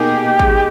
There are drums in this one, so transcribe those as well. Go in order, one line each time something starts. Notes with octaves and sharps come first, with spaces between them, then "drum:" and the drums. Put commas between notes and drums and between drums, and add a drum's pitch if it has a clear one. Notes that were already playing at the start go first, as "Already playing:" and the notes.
Already playing: B2 A#3 D#4 G4 G#4
G#3, drum: kick G#1